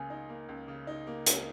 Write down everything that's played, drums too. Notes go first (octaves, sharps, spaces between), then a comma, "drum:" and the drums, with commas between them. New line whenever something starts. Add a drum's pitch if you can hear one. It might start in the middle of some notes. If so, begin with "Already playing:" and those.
Already playing: C#2 C#3 A#3 G#5
D#4
A#3
C#2
C#3
D#4
A#3
C#2, drum: hi-hat